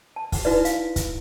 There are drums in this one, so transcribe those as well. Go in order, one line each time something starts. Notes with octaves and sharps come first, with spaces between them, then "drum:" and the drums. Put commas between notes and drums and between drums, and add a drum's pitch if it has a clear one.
A5
drum: kick, open hi-hat
D#4 E4 F#4 B4 D5
F5, drum: hi-hat
drum: kick, hi-hat